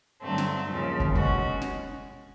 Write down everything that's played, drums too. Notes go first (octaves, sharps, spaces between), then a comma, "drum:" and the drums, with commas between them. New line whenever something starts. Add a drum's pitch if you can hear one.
G2 D3 F#3 A3 C4
drum: snare
D#2 C#3 F3
drum: kick
B2 G#3 C#4 F#4, drum: kick
drum: snare